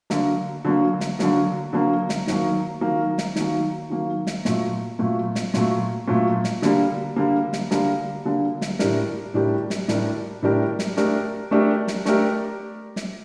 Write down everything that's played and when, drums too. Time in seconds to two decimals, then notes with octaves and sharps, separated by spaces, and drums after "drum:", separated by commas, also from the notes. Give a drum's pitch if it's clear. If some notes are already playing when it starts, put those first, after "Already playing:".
0.10 D3 F#3 A#3, drum: snare
0.65 D3 F#3 A#3
1.00 drum: snare
1.19 D3 F#3 A#3, drum: snare
1.73 D3 F#3 A#3
2.09 drum: snare
2.27 D#3 F#3 A#3, drum: snare
2.81 D#3 F#3 A#3
3.18 drum: snare
3.36 D#3 F#3 A#3, drum: snare
3.90 D#3 F#3 A#3
4.27 drum: snare
4.45 A#2 F#3 A3, drum: snare
4.99 A#2 F#3 A3
5.35 drum: snare
5.54 A#2 F#3 A3, drum: snare
6.08 A#2 F#3 A3
6.44 drum: snare
6.62 D3 G3 A#3, drum: snare
7.16 D3 G3 A#3
7.53 drum: snare
7.71 D3 G3 A#3, drum: snare
8.25 D3 G3 A#3
8.61 drum: snare
8.79 A2 G3 D4 G4 A#4, drum: snare
9.34 A2 G3 D4 G4 A#4
9.70 drum: snare
9.88 A2 G3 D4 G4 A#4, drum: snare
10.43 A2 G3 D4 G4 A#4
10.79 drum: snare
10.97 A3 D4 G4 A#4, drum: snare
11.51 A3 D4 G4 A#4
11.88 drum: snare
12.05 A3 D4 G4 A#4, drum: snare
12.96 drum: snare